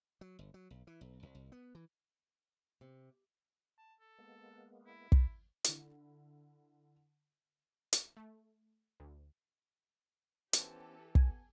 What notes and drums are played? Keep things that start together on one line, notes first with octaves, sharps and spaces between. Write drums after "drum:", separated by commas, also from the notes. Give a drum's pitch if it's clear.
F#3
G1
F#3
B1
E3
B1
C2
C2
B3
E3
C3
A5
A4
G#3 A#3 B3
E4
drum: kick
D3 E4, drum: hi-hat
drum: hi-hat
A3
D2
E3 B3 C#4 G4 A4 C5, drum: hi-hat
B3 G#5, drum: kick